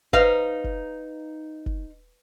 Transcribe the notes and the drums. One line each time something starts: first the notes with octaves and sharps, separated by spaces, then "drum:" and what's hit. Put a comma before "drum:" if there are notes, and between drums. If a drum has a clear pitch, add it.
D#4 B4 F5, drum: kick
drum: kick
drum: kick